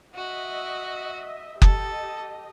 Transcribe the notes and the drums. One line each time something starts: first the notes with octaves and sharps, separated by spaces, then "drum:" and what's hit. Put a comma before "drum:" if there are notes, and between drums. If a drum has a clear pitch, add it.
F#4 D#5 E5
G4 A4 D#5, drum: kick F#1